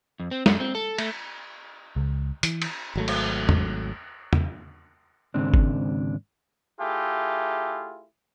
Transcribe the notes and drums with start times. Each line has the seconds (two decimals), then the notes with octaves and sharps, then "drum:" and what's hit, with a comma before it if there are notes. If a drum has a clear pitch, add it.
0.20 F2
0.31 C4
0.46 F#2, drum: snare
0.60 C4
0.75 A4
0.98 A3, drum: cymbal
1.96 C#2
2.43 E3, drum: hi-hat
2.62 drum: cymbal
2.96 G#1 F#3 A3
3.08 drum: cymbal
3.49 drum: tom
4.33 drum: tom
5.34 D#2 G#2 C#3 G#3 C4 D4
5.54 drum: kick G1
6.79 A3 E4 F4 G4 G#4